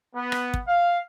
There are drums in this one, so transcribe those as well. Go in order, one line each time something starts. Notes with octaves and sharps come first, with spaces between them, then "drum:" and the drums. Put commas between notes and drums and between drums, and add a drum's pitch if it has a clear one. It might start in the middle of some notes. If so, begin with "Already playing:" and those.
B3
drum: rim click
drum: kick
F5